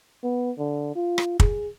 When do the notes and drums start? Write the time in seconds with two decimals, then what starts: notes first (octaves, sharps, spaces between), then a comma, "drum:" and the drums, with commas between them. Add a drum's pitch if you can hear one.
0.24 B3
0.58 D3
0.96 F4
1.18 drum: rim click
1.40 G#4, drum: kick